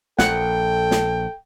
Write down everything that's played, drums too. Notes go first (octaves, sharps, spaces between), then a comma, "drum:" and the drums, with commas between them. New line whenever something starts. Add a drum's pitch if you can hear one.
A#1 A4 F#5 G5, drum: snare
drum: snare